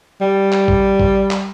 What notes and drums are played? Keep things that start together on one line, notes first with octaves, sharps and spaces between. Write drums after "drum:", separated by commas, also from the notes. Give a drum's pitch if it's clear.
G3
drum: clap
drum: kick
drum: kick
drum: clap